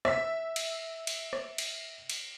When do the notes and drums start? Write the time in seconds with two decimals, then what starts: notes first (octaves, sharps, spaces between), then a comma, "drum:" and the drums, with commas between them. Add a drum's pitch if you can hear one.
0.05 E5 B6, drum: rim click
0.56 drum: cymbal
1.07 drum: cymbal
1.33 drum: rim click
1.58 drum: cymbal
2.10 drum: cymbal